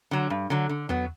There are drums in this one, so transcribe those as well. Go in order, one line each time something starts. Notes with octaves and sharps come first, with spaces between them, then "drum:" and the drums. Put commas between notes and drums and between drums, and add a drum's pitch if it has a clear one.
D3 F#3
G2
D3 F#3
D3
F#3 B3, drum: tom E2